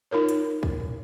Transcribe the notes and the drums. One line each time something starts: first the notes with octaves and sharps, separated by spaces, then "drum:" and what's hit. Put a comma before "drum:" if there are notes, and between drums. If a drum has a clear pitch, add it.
D#4 F4 A#4 C#5
drum: hi-hat
drum: kick
drum: tom A#2